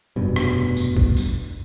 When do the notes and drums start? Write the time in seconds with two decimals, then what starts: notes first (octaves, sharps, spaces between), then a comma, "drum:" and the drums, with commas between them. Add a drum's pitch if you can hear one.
0.16 F1 G2 B2
0.36 drum: rim click
0.76 drum: tambourine
0.97 drum: kick
1.17 drum: tambourine